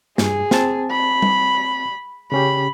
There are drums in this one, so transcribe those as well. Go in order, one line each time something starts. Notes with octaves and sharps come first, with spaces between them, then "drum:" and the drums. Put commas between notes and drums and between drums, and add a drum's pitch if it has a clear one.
G2 G#4, drum: snare
C4 A5, drum: snare
B5
drum: tom G3
C#3 C#4 G4 B5